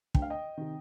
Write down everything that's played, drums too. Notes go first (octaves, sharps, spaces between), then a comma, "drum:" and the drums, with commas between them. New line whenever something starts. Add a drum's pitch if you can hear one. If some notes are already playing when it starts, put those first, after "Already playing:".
D2 G5, drum: kick
F5
D#5 G5
C3 D#3